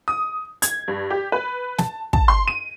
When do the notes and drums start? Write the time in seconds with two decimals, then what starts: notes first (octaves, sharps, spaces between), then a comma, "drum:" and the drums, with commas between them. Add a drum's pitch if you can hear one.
0.08 D#6
0.62 G#6, drum: hi-hat
0.88 G2
1.10 G4
1.32 B4
1.78 A5, drum: snare
2.13 A5, drum: kick
2.28 C6
2.48 D#7